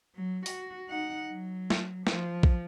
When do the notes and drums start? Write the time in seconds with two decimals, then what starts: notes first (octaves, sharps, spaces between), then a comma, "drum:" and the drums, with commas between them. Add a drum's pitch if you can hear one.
0.15 F#3
0.46 F#4, drum: open hi-hat
0.90 D#4 F#5
1.30 F#3
1.70 drum: snare
2.07 F3, drum: snare
2.43 drum: kick A#1